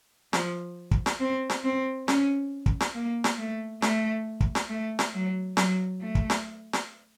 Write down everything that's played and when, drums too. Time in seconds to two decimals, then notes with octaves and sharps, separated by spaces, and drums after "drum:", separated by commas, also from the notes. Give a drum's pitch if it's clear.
0.33 F3, drum: snare
0.91 drum: kick
1.06 drum: snare
1.20 C4
1.50 drum: snare
1.64 C4
2.08 C#4, drum: snare
2.66 drum: kick
2.80 drum: snare
2.95 A#3
3.24 drum: snare
3.38 A3
3.82 A3, drum: snare
4.40 drum: kick
4.55 drum: snare
4.69 A3
4.99 drum: snare
5.14 F#3
5.57 F#3, drum: snare
6.01 A3
6.15 drum: kick
6.30 drum: snare
6.73 drum: snare